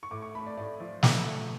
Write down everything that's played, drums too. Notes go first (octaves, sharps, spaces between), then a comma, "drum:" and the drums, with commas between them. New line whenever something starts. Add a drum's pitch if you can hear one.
C#6
A2 D6
C#6
A3 B5
D5
A2 D5
F3 D5
A2 F#5, drum: snare
A3